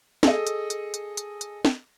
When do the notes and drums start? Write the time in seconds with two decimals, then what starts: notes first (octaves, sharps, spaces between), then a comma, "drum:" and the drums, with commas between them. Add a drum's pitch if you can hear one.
0.23 G#4 A4 D#5, drum: snare
0.47 drum: hi-hat
0.70 drum: hi-hat
0.94 drum: hi-hat
1.17 drum: hi-hat
1.41 drum: hi-hat
1.65 drum: snare